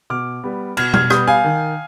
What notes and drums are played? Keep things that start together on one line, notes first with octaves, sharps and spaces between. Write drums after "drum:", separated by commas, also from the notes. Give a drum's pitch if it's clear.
B2 D6 F6
G3 B3
B2 F6 G#6, drum: cymbal
F6 G#6, drum: tom B2
G3 B3 D#6 G6, drum: rim click
F5 G#5
D#3